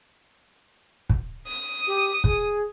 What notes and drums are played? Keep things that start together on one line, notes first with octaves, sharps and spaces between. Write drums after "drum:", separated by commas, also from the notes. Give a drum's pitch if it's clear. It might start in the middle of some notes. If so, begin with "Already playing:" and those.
drum: kick
D#6
G4
G#4, drum: kick